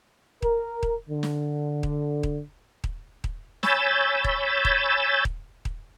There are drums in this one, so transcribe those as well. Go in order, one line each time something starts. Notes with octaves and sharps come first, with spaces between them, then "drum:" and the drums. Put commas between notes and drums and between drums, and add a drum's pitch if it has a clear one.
A#4, drum: kick D#1
drum: kick D#1
D3
drum: snare
drum: kick D#1
drum: kick D#1
drum: kick D#1
drum: kick D#1
C#5 G#5 B5 E6 G6 A6, drum: snare
drum: kick D#1
drum: kick D#1
drum: kick D#1
drum: kick D#1